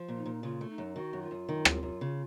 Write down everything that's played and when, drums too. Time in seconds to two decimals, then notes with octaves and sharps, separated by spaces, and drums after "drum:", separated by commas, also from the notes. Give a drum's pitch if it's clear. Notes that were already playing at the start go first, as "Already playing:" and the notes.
Already playing: F3
0.08 A#2
0.17 D#4
0.25 A#2
0.43 C#3 F4
0.61 A3
0.69 D#4
0.78 F#2
0.96 D#3 F#4
1.13 F#2
1.22 F4
1.31 F#2
1.49 D#3
1.65 F#2, drum: rim click
1.83 F#2
2.01 C#3